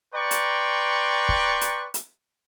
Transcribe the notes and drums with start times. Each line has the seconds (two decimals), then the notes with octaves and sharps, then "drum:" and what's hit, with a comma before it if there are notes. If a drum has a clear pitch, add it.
0.14 B4 D5 G5 A#5 C6 C#6
0.31 drum: hi-hat
1.29 drum: kick
1.61 drum: hi-hat
1.94 drum: hi-hat